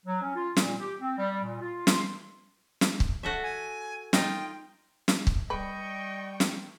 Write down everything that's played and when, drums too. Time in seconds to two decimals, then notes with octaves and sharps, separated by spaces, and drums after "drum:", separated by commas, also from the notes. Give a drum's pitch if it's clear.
0.06 F#3
0.21 C#4
0.34 F4
0.57 A#2, drum: snare
0.80 G4
1.01 C4
1.17 G3
1.43 A#2
1.60 F4
1.87 C6, drum: snare
2.81 drum: snare
3.00 drum: kick
3.23 F#4 A4 E5
3.43 G#5
4.13 D#4 F4 G5, drum: snare
5.08 drum: snare
5.27 drum: kick
5.50 G3 B4 D#5 G5 C#6
6.40 drum: snare